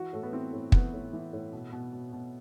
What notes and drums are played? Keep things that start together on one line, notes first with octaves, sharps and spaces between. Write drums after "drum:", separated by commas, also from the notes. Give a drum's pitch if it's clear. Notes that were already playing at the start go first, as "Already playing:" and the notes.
Already playing: E3 F#4
A2 A3
B3
E3 C4
A2
E3 B3, drum: kick
A2
E3
A2
B2
B2
B2
B2